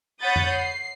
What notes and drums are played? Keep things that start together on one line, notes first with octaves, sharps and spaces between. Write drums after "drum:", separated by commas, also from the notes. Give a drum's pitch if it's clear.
C#5 F#5 B5 D#6 G6 A6
drum: tom F2
C7